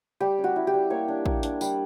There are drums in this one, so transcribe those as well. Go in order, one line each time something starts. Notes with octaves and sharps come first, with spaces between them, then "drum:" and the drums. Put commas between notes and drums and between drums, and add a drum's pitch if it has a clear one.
G3 G4
C#4
F#4
E4
G4
G3
A#3 C#5
D4
A#3, drum: kick
D4, drum: hi-hat
G3, drum: tambourine